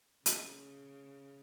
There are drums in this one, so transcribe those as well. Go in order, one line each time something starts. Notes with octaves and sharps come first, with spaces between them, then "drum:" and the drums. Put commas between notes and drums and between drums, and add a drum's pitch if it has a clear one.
C#3, drum: hi-hat